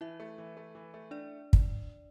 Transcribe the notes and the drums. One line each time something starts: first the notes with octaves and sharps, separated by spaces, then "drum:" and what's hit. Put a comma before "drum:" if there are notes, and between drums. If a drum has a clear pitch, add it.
E3 E4 E5
A3
E3
A3
E3
A3
D4 D5
drum: kick